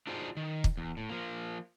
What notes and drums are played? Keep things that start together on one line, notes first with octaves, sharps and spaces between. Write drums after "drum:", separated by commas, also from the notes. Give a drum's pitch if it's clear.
D4 D#4 F4 F#4 G#4 C5
D#3
drum: kick
E2
A2
F3 A#3